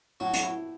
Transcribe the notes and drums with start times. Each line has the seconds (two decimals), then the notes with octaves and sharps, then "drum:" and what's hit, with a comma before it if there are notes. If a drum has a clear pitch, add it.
0.20 A2 F#3 F#4
0.34 drum: hi-hat
0.43 E4